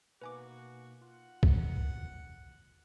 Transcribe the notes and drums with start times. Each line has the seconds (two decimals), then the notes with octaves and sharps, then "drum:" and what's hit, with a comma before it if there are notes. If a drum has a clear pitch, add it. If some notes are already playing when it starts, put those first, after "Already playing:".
0.21 B2 A#3 D#4 F#4 B4 G#5 D6
1.02 F4 F#5
1.43 drum: kick